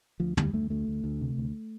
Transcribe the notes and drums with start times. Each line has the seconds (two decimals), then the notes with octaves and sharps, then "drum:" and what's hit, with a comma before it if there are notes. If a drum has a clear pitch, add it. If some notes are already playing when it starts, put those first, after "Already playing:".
0.20 D2 F3
0.37 D2 G3, drum: tom
0.54 D2 A3
0.70 D2 A3
0.88 D2
1.04 D2
1.21 C3
1.38 D2